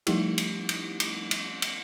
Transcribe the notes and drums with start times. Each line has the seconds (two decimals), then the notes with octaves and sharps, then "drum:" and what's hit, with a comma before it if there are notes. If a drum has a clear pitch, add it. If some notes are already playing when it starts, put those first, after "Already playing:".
0.07 F3 G3 A3 D#4 E4 G4, drum: cymbal
0.38 drum: cymbal
0.69 drum: cymbal
1.00 drum: cymbal
1.31 drum: cymbal
1.62 drum: cymbal